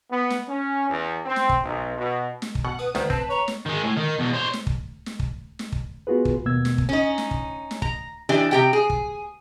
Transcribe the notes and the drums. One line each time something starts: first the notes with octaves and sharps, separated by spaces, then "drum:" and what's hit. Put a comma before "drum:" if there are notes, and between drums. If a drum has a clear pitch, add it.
B3
drum: snare
C#4
E2
C4
drum: snare
drum: kick
B1
B2
drum: snare
drum: kick
B2 F#5
B4 D#6
D2 D#3 B4 C5, drum: snare
C4 A5, drum: kick
C#5 A#5
drum: snare
D#3 G#3
A2
D#3
E2 B2
C5 C#5
drum: snare
drum: kick
drum: snare
drum: kick
drum: snare
drum: kick
B3 F4 F#4 G#4 B4
drum: kick
D#2 B2 A#3 B3 E6 G#6
drum: snare
drum: kick
C#4 D#4
drum: snare
drum: kick
drum: snare
A#5, drum: kick
E3 D4 G4
C3 G4 G5
G#4
drum: kick